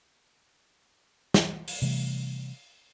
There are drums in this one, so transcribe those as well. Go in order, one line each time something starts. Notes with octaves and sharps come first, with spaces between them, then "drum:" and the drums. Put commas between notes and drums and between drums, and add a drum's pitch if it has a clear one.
drum: snare
drum: open hi-hat
C3 E3 G3 A3